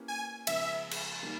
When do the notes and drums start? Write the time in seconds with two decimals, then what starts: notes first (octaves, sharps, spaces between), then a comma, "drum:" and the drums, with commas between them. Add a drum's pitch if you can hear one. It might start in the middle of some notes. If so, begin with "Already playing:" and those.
Already playing: A#3 C#4 E4 G4 B4
0.08 G#5
0.47 C#3 F3 G#3 B3 E5, drum: cymbal
0.91 drum: cymbal
1.23 D#3 G3 A#3